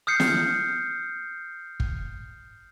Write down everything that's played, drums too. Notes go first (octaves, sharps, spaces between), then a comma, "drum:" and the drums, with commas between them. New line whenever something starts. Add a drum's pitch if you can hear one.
D#6 F6 G6 C7 C#7
drum: snare
drum: kick